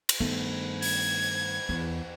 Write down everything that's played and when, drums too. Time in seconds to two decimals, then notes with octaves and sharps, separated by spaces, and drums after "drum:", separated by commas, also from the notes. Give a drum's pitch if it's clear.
0.09 drum: cymbal
0.20 G2 D#3 A3 B3
0.82 G#6, drum: open hi-hat
1.69 E2